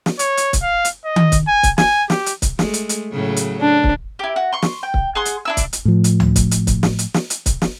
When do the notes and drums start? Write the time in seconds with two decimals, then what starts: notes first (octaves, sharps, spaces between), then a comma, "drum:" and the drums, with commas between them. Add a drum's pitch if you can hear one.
0.06 drum: snare
0.19 C#5, drum: hi-hat
0.37 drum: hi-hat
0.53 drum: kick C#1, hi-hat
0.63 F5
0.85 drum: hi-hat
1.05 D#5
1.16 drum: tom D#3
1.32 drum: kick C#1, hi-hat
1.48 G#5
1.63 drum: kick C#1, hi-hat
1.78 G#5, drum: snare
2.10 G4, drum: snare
2.26 drum: hi-hat
2.42 drum: kick C#1, hi-hat
2.59 G#3 A3, drum: snare
2.74 drum: hi-hat
2.89 drum: hi-hat
3.12 A2 C#3 F#3
3.36 drum: hi-hat
3.61 D4
3.84 drum: kick C#1
4.19 E4 G4
4.36 F#4
4.53 C6 C#6
4.62 drum: snare
4.83 G5
4.94 drum: kick C#1
5.15 G#4 F#5 C6
5.25 drum: hi-hat
5.45 D4 E4 E6
5.57 drum: kick C#1, hi-hat
5.73 drum: hi-hat
5.85 A2 F3
6.04 drum: hi-hat
6.20 drum: tom C#2
6.36 drum: kick C#1, hi-hat
6.51 drum: hi-hat
6.67 drum: kick C#1, hi-hat
6.83 drum: snare
6.99 drum: hi-hat
7.14 drum: snare
7.30 drum: hi-hat
7.46 drum: kick C#1, hi-hat
7.62 drum: snare